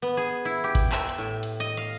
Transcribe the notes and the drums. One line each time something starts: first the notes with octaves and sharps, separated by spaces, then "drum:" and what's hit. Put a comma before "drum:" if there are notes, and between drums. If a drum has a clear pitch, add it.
B3
G#4
E4
G4
drum: kick G#1, hi-hat
E5, drum: clap
drum: hi-hat
A2
drum: hi-hat
D#5, drum: hi-hat
F5, drum: hi-hat